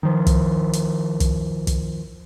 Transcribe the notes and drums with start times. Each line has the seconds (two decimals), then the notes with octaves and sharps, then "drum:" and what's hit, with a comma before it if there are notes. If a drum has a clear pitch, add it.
0.03 D#3 F3
0.26 drum: kick, hi-hat
0.73 drum: hi-hat
1.20 drum: kick, hi-hat
1.67 drum: kick, hi-hat